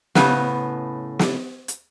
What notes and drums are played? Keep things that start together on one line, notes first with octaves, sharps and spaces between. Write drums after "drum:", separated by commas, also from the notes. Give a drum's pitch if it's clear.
A2 C#3 B3, drum: snare
drum: snare
drum: hi-hat